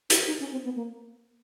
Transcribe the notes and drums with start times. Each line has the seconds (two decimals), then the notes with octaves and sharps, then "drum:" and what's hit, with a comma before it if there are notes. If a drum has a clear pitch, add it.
0.10 E4, drum: hi-hat
0.27 D#4
0.40 C#4
0.52 C4
0.65 B3
0.76 A#3